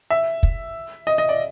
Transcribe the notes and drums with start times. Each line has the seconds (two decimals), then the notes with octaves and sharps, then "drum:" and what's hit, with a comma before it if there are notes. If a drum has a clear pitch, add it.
0.10 E5
0.43 drum: kick
1.07 D#5
1.18 D#5
1.29 D5